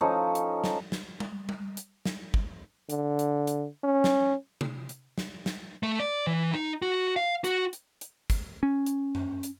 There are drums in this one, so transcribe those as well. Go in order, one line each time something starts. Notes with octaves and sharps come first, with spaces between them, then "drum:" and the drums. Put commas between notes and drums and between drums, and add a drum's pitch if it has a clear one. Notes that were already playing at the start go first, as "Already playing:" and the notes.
F3 C#4 D#4 A4
drum: hi-hat
drum: snare
drum: snare
drum: tom G3
drum: tom G3
drum: hi-hat
drum: snare
drum: kick
D3, drum: hi-hat
drum: hi-hat
drum: hi-hat
C#4
drum: snare
drum: tom C3
drum: hi-hat
drum: snare
drum: snare
A3
D5
E3
D#4
F#4
F5
F#4, drum: hi-hat
drum: hi-hat
drum: hi-hat
drum: kick, hi-hat
C#4
drum: hi-hat
drum: tom F#2
drum: hi-hat